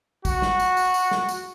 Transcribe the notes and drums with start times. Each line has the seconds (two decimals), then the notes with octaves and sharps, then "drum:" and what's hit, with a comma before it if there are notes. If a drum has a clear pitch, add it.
0.25 F#4, drum: kick, tambourine
0.42 drum: snare
0.60 drum: tambourine
0.77 drum: tambourine
0.94 drum: tambourine
1.11 drum: snare
1.29 drum: tambourine